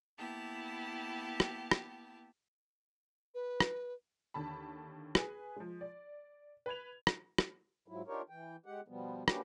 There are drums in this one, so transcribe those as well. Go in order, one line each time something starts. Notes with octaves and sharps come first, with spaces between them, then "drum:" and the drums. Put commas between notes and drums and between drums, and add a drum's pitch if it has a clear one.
A#3 B3 E4 G4 A5
drum: rim click
drum: rim click
B4
drum: rim click
D#2 D3 A5 B5
G#4 B4 G#5, drum: rim click
F3 G#3
D5
B4 B5 G#6 F7
drum: rim click
drum: rim click
G#2 F3 F#3 E4
D4 D#4 F4 G4 A#4 C#5
E3 G5
G#3 G4 F#5
B2 F3 G3 B3
A#3 C#4 D4 F#4 G4 B4, drum: rim click